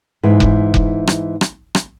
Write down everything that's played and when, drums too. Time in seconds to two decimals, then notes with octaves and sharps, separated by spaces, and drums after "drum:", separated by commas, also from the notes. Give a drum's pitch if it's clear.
0.23 G#2 E3
0.40 drum: kick F1
0.74 drum: kick F1
1.07 drum: rim click
1.41 drum: rim click
1.75 drum: rim click